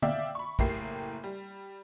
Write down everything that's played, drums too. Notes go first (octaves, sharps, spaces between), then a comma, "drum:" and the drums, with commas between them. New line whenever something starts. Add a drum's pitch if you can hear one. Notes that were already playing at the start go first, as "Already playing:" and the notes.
D5 E5 F5 G5, drum: tom
B5 C#6
F#1 A2 A#3 G4 C7, drum: kick A#1
G3